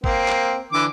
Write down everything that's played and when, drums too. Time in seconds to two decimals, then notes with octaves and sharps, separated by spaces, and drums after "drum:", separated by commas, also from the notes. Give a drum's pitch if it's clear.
0.04 A#3 C4, drum: kick
0.28 drum: clap
0.73 D3 E3 D6